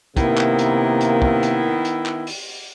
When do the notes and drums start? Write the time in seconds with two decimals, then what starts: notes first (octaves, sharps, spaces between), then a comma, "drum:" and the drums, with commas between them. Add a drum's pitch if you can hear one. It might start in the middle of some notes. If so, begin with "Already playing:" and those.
0.17 C3 D#3 A#3 B3 E4, drum: kick, hi-hat
0.38 drum: clap
0.59 drum: hi-hat
1.01 drum: hi-hat
1.22 drum: kick
1.43 drum: hi-hat
1.85 drum: hi-hat
2.06 drum: clap
2.27 drum: open hi-hat